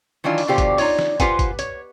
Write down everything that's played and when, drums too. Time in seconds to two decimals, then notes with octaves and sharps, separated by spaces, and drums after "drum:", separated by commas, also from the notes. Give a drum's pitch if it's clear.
0.24 D#3 E3 F#3 D4 F4
0.38 drum: open hi-hat
0.48 B2 D3 F4 G4 C5 D5
0.58 drum: kick, hi-hat
0.78 D#4 F4 C#5 D5, drum: open hi-hat
0.99 drum: snare
1.20 F4 G4 B4 C5 F#5 G#5, drum: kick, hi-hat
1.39 drum: kick, hi-hat
1.59 C#5, drum: hi-hat